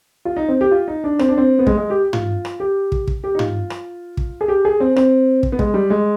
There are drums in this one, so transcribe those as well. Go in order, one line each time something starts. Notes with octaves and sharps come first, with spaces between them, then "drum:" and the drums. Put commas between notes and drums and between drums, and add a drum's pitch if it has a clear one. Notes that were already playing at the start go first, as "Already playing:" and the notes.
F4
D#4
C4
G4
F4
D#4
D4
C4, drum: rim click
D4
C4
B3
G#3, drum: kick
G#3
G4
F4, drum: tom
drum: rim click
G4
drum: kick
drum: kick
G4
D#4
F4, drum: tom
drum: rim click
drum: kick
G#4
G4
G#4
C4
C4, drum: rim click
drum: kick
B3
G#3, drum: kick
G3
G#3